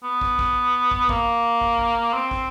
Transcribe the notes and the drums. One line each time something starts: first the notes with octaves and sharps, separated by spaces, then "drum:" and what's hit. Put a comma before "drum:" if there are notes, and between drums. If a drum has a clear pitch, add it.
B3
drum: kick
drum: kick
drum: kick
A#3, drum: kick
drum: kick
drum: kick
C4
drum: kick